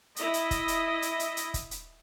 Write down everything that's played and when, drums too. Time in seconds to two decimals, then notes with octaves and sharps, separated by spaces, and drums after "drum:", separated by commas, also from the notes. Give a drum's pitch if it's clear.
0.16 E4 D#5, drum: hi-hat
0.34 drum: hi-hat
0.51 drum: kick, hi-hat
0.68 drum: hi-hat
1.02 drum: hi-hat
1.19 drum: hi-hat
1.37 drum: hi-hat
1.54 drum: kick, hi-hat
1.71 drum: hi-hat